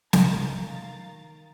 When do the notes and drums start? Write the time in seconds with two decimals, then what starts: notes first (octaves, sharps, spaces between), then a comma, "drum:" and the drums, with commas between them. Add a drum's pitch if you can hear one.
0.13 D#3 F5 A#5 A6, drum: snare